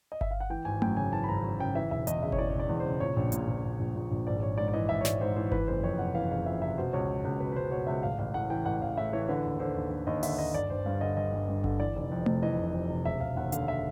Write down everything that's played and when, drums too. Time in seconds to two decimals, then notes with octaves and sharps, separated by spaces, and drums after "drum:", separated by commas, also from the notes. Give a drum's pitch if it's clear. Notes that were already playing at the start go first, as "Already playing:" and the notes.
0.12 D#5
0.21 E5, drum: kick G1
0.31 F5
0.40 F#5
0.50 E3 G5
0.65 G#1 G#5
0.82 F#2 G5, drum: tom A3
0.97 C#3 G#5
1.12 E3 A5
1.24 B5
1.28 G#1 A#5
1.44 F#2
1.60 C#3 G5
1.75 E3 E5
1.91 E1 E5
2.07 E2 D#5, drum: hi-hat
2.22 C#3 E5
2.32 C#5, drum: kick G1
2.38 E3 D5
2.49 C#5
2.54 E1
2.60 D5
2.69 E2
2.80 C5
2.86 C#3
3.00 A#2 C#5
3.16 A#1
3.32 A#2, drum: hi-hat
3.48 A#1
3.64 A#2
3.79 A#1
3.95 A#2
4.11 A#1
4.26 G#1 D5
4.42 G#1 C#5
4.58 G#2 D5
4.68 D5
4.74 E3 D#5
4.89 G#1 E5
5.01 C#5
5.05 G#1 D5, drum: snare
5.21 G#2 C5
5.36 E3 C5
5.52 E3 B4, drum: kick G1
5.68 F#1 C5
5.83 F2 C#5
5.99 C3 F#5
6.15 E3 F5
6.31 F#1 F5
6.46 F2 E5
6.62 C3 E5
6.78 B2 C5
6.93 C#2 C#5
7.08 B2
7.24 C#2
7.40 B2 B4
7.52 B4
7.56 C#2 C5
7.71 B2 C#5
7.87 C#2 E5
8.03 A1 F5
8.19 A1 F5
8.34 A2 F#5
8.50 E3 G5
8.66 A1 F#5
8.81 A1 F5
8.97 A2 E5
9.13 E3 C#5
9.29 D3 B4
9.45 D#2
9.59 D3 C5
9.75 D#2
9.91 D3
10.07 D#2 D#5
10.23 D3 E5, drum: open hi-hat
10.38 D#2 D#5
10.54 G1 D5
10.70 G1 C5
10.86 G2 F5
11.01 D3 D#5
11.17 G1 D#5
11.33 G1
11.49 G2
11.64 D3, drum: kick G1
11.80 E3 D5
11.96 F1
12.12 F2
12.26 C3, drum: tom A3
12.42 E3 D#5
12.58 F1
12.74 F2
12.90 C3
13.05 E1 E5
13.20 E1 F5
13.36 D#2 F#5
13.52 D3 F5, drum: hi-hat
13.68 E5